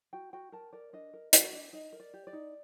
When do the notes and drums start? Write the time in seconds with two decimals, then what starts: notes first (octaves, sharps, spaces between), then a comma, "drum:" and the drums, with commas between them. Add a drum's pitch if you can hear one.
0.13 F#4 G5
0.33 F#4 G5
0.52 A#4 A5
0.73 A#4 D5
0.93 D4 D#5
1.13 A#4
1.33 F#4, drum: hi-hat
1.53 D4
1.73 D#4 D#5
1.93 A#4
2.00 D5
2.14 G4
2.27 D5
2.33 D#4